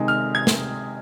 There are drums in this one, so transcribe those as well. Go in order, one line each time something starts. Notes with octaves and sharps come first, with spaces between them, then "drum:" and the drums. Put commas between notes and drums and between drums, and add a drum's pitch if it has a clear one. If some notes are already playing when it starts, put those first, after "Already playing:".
Already playing: C3 D#3 G#3
F6
G#6
drum: snare